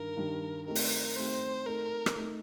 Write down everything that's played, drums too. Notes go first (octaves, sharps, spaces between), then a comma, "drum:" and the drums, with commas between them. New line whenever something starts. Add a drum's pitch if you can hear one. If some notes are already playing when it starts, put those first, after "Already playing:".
Already playing: G2 D#3 A#4
G2 D#3 G3
A3 C4 D#4 G4 A#4
drum: open hi-hat
A3 C4 D#4 G4 C5
A3 D#4 A4 A#4
drum: rim click
A3 D#4 A4